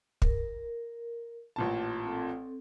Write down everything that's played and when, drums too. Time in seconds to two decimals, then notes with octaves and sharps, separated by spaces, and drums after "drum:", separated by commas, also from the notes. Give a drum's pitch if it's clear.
0.22 A#4, drum: kick
1.56 A1 A#2 A5
2.04 C4 A4